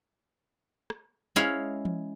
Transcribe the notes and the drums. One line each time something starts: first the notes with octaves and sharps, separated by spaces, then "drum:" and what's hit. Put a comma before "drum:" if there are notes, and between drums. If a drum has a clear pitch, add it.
drum: rim click
G#3 C#4 E4 G#4 E5 F5, drum: snare
drum: tom E3